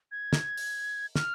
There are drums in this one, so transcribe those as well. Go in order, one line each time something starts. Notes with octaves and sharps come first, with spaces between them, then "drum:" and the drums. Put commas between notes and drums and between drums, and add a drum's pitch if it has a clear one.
G#6
drum: snare
drum: open hi-hat
F6, drum: snare